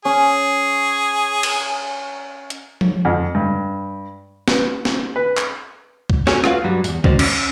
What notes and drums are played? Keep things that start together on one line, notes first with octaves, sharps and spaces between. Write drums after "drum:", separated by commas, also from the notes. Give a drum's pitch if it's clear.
C#4 G#4
drum: cymbal
drum: hi-hat
drum: tom F3
F2
G2
B4, drum: snare
drum: snare
B4
drum: clap
drum: kick C#2
C#4 F#4 G#4 A4 C#5, drum: snare
A3 F4 F#4 B4 C5 F5, drum: rim click
G2 F#3 G3
E2 G#2, drum: open hi-hat
D#3 G#3 C#4 F#4 C5 D5, drum: kick C#2
C#4, drum: cymbal